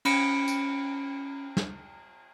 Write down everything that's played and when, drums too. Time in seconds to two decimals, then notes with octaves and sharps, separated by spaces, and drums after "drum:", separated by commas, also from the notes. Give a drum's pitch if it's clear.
0.05 C#4 B5 C#7 D7, drum: cymbal
0.48 drum: tambourine
1.57 drum: snare